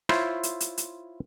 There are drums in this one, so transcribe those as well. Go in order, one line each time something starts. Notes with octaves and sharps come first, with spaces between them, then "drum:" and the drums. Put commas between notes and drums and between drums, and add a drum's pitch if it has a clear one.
E4 F4 C5 C#5 E5, drum: rim click
drum: hi-hat
drum: hi-hat
drum: hi-hat